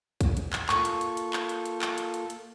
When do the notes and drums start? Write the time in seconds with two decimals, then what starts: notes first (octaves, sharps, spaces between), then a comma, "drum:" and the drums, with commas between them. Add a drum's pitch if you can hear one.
0.21 drum: kick, hi-hat
0.37 drum: hi-hat
0.53 drum: clap
0.69 A#3 F4 A4 C#6, drum: clap
0.85 drum: hi-hat
1.01 drum: hi-hat
1.17 drum: hi-hat
1.33 drum: clap
1.49 drum: hi-hat
1.65 drum: hi-hat
1.82 drum: clap
1.98 drum: hi-hat
2.14 drum: hi-hat
2.30 drum: hi-hat